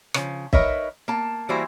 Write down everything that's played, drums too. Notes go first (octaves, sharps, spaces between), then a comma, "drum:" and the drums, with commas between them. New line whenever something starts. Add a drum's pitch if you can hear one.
C#3 F3, drum: rim click
D#4 A#4 B4 C#5 D#5 E5, drum: kick B1
A#3 A5
E3 G3 A#3 E4 F#4 C5